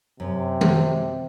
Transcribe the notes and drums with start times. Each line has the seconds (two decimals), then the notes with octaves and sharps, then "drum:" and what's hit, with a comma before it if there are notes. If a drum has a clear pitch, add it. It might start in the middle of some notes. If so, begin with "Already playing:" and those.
0.20 F#2 C3
0.61 drum: tom D#3